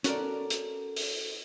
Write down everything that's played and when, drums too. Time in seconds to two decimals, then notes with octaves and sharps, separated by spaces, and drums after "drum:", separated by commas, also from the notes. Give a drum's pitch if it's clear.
0.04 C#4 F#4 A4 A#4 D5, drum: hi-hat
0.50 drum: hi-hat
0.96 drum: open hi-hat